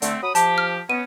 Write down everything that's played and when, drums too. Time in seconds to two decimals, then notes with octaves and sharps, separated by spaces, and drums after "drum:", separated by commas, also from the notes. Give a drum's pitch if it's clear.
0.02 D3 A3 C4, drum: hi-hat
0.23 F#3 B5 D#6
0.35 F3 G4 A5, drum: hi-hat
0.58 F6
0.90 B3 C#4 D#7